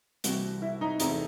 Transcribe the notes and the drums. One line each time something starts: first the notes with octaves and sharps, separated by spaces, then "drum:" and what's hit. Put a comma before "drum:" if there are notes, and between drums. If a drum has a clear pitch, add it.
C2 C3 E3 G3 F#4, drum: hi-hat
E4
D#4
E2 C3 E3 A3 D#4, drum: hi-hat